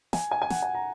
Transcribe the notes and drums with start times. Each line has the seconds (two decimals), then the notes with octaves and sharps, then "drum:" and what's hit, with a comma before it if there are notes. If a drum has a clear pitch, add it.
0.13 G#5, drum: snare
0.31 G#5
0.42 G#5
0.50 F#5, drum: snare
0.62 G#5
0.75 A#5